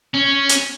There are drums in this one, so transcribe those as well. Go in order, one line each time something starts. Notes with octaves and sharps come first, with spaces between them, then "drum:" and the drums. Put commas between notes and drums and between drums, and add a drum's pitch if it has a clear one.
C#4
drum: hi-hat